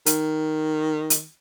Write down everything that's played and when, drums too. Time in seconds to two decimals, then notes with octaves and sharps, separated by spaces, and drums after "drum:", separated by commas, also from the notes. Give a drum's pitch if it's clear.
0.06 D#3, drum: hi-hat
1.10 drum: hi-hat